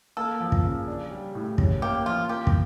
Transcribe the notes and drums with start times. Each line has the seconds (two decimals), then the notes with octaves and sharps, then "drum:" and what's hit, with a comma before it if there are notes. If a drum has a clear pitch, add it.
0.17 A#3 A4
0.40 F3
0.52 drum: kick
0.64 C#3
0.88 D4
1.11 G3
1.35 A2
1.58 C#4, drum: kick
1.82 A#3 G4
2.06 F3 F4
2.29 A#3 G4
2.47 drum: kick